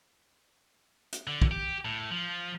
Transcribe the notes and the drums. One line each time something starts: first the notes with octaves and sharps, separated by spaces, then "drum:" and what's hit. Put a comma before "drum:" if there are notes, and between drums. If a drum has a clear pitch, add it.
drum: hi-hat
D3
drum: kick
G4
A2
F3